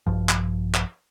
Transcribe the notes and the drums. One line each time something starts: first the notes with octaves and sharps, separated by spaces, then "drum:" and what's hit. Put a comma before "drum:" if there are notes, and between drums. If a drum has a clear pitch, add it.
A#1 G2 F3
drum: clap
drum: clap